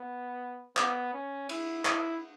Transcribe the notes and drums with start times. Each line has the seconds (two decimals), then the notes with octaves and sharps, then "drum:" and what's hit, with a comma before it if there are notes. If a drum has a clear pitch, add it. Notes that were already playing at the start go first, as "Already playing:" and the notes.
Already playing: B3
0.77 B3, drum: clap
1.13 C#4
1.49 E4, drum: cymbal
1.85 E4, drum: clap